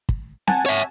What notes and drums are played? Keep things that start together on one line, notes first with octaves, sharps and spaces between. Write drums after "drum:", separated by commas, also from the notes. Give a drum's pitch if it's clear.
drum: kick
F#5 G#5 A5, drum: snare C4
C#5 E5